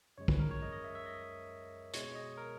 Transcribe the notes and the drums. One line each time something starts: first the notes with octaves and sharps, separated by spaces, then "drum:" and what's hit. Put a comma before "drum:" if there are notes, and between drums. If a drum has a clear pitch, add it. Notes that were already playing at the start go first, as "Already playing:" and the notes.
F#2 C#3 G#3 C#5
B4, drum: kick
A#4
C#5
D#5
D#5
E5
E5
D#5
B2 G#3 C#5, drum: hi-hat
D#5
A#4